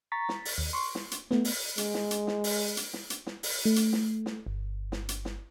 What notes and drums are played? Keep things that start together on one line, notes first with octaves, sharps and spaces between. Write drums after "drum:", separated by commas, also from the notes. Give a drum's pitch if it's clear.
A#5 C#6 A6 B6
drum: snare
drum: open hi-hat
D#2
C6 C#6
drum: snare
drum: hi-hat
A3 B3, drum: snare
drum: open hi-hat
G#3, drum: hi-hat
drum: snare
drum: hi-hat
drum: snare
drum: open hi-hat
drum: hi-hat
drum: snare
drum: hi-hat
drum: snare
drum: open hi-hat
A3
drum: hi-hat
drum: snare
drum: snare
G1
drum: snare
drum: hi-hat
drum: snare